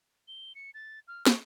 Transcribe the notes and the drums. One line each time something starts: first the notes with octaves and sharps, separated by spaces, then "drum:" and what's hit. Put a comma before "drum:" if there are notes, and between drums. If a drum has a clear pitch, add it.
G7
C#7
A6
F6
C#6, drum: snare